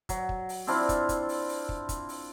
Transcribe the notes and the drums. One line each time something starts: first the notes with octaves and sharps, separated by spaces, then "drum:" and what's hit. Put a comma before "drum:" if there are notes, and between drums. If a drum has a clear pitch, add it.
F#3, drum: kick, hi-hat
drum: kick
drum: open hi-hat
C4 D4 E4 F4, drum: open hi-hat
drum: kick, hi-hat
drum: kick, hi-hat
drum: open hi-hat
drum: open hi-hat
drum: kick
drum: kick, hi-hat
drum: open hi-hat